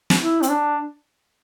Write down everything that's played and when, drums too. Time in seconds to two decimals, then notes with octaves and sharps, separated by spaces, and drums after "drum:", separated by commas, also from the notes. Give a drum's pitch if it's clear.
0.10 drum: snare
0.19 E4
0.43 C4, drum: hi-hat
0.50 D4